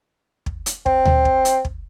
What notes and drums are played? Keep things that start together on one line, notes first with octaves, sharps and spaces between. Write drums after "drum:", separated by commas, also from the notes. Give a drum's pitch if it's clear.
drum: kick
drum: hi-hat
C4, drum: kick
drum: tom D2
drum: kick
drum: hi-hat
drum: kick